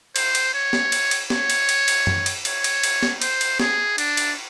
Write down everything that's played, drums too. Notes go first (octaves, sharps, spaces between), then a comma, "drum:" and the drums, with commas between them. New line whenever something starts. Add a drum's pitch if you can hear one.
C5, drum: cymbal
drum: cymbal
C#5
drum: snare
drum: cymbal
drum: cymbal
C#5, drum: snare
drum: cymbal
drum: cymbal
drum: cymbal
drum: tom F#2
drum: cymbal
C#5, drum: cymbal
drum: cymbal
drum: cymbal
drum: snare
C5, drum: cymbal
drum: cymbal
G#4, drum: snare
D4, drum: cymbal
drum: cymbal